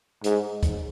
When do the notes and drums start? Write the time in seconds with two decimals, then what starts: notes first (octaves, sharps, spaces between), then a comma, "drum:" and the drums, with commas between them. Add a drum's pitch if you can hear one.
0.24 G#2, drum: hi-hat
0.63 drum: kick, hi-hat